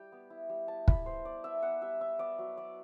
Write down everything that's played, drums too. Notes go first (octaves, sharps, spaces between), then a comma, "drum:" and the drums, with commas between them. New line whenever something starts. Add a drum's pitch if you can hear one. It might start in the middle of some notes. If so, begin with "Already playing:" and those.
Already playing: G3 E4 G5
B3
E4
G3
E4 A5
E4 B5, drum: kick
B3 C5
B3 D5
B3 E5
B3 F#5
G3 E5
B3 E5
B3 D5
F#3
B3 D5